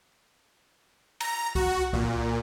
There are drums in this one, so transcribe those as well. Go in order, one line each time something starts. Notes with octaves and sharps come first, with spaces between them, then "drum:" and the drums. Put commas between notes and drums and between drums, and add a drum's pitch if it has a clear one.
A#5, drum: cymbal
F#4, drum: kick C2
A#2, drum: kick C2